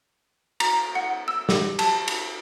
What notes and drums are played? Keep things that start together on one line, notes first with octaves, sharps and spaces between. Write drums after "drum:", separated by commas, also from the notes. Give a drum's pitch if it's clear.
A#5, drum: cymbal
F#5
E6
G4, drum: snare
A5, drum: cymbal
drum: cymbal